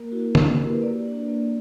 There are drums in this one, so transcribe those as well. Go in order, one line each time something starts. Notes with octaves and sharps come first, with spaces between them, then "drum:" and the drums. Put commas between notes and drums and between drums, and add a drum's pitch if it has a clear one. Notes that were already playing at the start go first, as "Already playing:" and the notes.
Already playing: A#3 A#4
E4 F#4
A#3 G4, drum: tom
G4
E4 A#4
B4
A#3 D5
D4 F#4
A#3